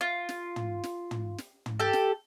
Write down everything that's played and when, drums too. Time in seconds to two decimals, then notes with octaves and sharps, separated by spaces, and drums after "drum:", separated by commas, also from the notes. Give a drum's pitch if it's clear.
0.01 F4
0.29 drum: snare
0.56 drum: tom
0.84 drum: snare
1.11 drum: tom
1.38 drum: snare
1.66 drum: tom
1.80 G4 A4
1.93 drum: snare